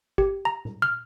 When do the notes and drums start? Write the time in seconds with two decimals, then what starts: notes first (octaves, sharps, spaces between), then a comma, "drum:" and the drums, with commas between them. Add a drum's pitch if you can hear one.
0.18 G4, drum: kick
0.45 A#5
0.65 drum: tom A#2
0.82 F6